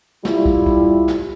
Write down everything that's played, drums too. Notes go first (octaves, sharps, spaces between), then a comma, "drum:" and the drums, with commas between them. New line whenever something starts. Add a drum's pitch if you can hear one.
G3 E4 F4, drum: snare
drum: kick
drum: kick
drum: snare